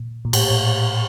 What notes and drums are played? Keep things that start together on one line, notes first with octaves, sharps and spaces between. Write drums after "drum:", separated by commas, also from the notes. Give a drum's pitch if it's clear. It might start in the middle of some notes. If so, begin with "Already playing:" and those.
Already playing: A#2
A#2
A2, drum: cymbal
A2